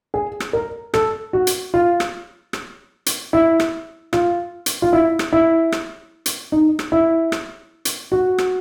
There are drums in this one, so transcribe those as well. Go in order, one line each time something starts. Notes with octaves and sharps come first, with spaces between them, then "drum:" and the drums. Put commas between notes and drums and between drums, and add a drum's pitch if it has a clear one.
G#4
drum: rim click
A#4
A4, drum: rim click
F#4
drum: hi-hat
F4
drum: rim click
drum: rim click
drum: hi-hat
E4
drum: rim click
F4, drum: rim click
drum: hi-hat
F4
E4
drum: rim click
E4
drum: rim click
drum: hi-hat
D#4
drum: rim click
E4
drum: rim click
drum: hi-hat
F#4
drum: rim click